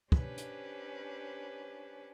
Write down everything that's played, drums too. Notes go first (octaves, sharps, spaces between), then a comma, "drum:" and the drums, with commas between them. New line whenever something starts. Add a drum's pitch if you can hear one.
C#4 D4 G4 B4 C5, drum: kick
drum: hi-hat